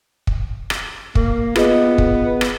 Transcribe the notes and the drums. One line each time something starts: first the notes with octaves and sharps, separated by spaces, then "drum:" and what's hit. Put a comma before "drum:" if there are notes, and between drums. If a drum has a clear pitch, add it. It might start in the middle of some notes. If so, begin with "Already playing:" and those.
drum: kick
drum: rim click
A#3, drum: kick
B3 F4 G#4 D#5, drum: rim click
drum: kick
drum: rim click